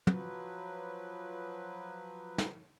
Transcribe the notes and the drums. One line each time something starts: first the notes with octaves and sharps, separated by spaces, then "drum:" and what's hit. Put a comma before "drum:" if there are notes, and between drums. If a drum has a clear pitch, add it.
F3 F#3 B4, drum: tom
drum: snare